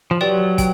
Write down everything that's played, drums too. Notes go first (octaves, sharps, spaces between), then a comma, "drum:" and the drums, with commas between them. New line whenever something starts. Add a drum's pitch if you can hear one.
F3
F#3 G4 B4 D5 G5
G5, drum: kick, hi-hat